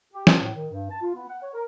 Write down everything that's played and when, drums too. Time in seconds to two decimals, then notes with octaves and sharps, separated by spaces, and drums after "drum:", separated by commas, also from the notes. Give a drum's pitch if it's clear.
0.13 G4
0.27 A5, drum: snare
0.41 A2
0.56 D#3
0.71 G2
0.90 A5
1.02 F4
1.15 B3
1.28 F#5
1.42 C#5
1.54 A#4